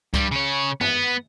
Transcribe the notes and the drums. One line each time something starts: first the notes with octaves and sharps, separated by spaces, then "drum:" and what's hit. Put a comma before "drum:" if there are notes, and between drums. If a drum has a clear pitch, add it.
G2 G3, drum: kick C#2, hi-hat
C#3 C#5
B3, drum: tom F#2